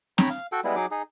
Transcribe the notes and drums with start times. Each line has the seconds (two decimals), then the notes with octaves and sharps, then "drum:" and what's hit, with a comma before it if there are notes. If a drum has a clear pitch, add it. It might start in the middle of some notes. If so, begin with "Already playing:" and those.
0.18 C#5 G5 A#5 B5, drum: snare C4
0.30 F5
0.52 F#4 A4 G5
0.64 G3 G#3 B3 E4
0.76 F#3 D#4 G#4 D6
0.91 D#4 G#4